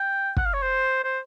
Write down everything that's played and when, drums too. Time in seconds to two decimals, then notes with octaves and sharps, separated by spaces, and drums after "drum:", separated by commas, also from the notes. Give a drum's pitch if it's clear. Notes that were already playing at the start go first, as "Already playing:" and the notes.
Already playing: G5
0.37 F#5, drum: kick
0.46 F5
0.54 C#5
0.62 C5
1.04 C5